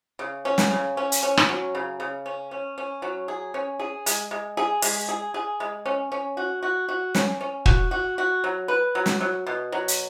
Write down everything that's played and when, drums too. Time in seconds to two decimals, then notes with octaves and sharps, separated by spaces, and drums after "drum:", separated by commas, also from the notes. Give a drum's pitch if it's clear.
0.19 C#3
0.45 C#4
0.58 drum: snare
0.71 C#3
0.97 C#4
1.12 drum: hi-hat
1.23 C#4
1.37 drum: rim click
1.49 F#3
1.75 C#3
2.00 C#3
2.26 C#4
2.51 C#4
2.78 C#4
3.02 F#3
3.28 G#4
3.54 C#4
3.79 G#4
4.06 G#3, drum: hi-hat
4.31 G#3
4.57 G#4
4.82 G#3, drum: open hi-hat
5.09 G#4
5.34 G#4
5.60 G#3
5.86 C#4
6.12 C#4
6.37 F#4
6.63 F#4
6.88 F#4
7.15 C#4, drum: snare
7.41 C#4
7.66 F#4, drum: kick
7.91 F#4
8.18 F#4
8.44 F#3
8.68 B4
8.95 F#3
9.06 drum: snare
9.21 F#3
9.47 B2
9.72 F#3
9.88 drum: hi-hat